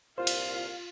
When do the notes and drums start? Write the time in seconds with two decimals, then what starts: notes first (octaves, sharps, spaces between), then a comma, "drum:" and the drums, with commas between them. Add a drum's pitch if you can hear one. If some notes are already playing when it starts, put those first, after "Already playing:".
0.18 C2 A#2 F4 C5 F5
0.27 drum: cymbal